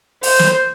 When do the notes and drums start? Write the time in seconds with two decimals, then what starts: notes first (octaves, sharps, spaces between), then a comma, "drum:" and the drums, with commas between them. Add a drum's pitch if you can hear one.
0.23 C5, drum: open hi-hat
0.39 drum: snare